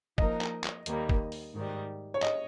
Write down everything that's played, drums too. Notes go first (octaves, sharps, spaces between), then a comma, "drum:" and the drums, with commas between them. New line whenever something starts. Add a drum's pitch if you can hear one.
F3 A#3 D#4 A#4 D#5, drum: kick
drum: clap
drum: clap
D#2 D#3 G3 A#3, drum: hi-hat
drum: kick
drum: open hi-hat
G#2 D#3 G3
C#5
D#5, drum: clap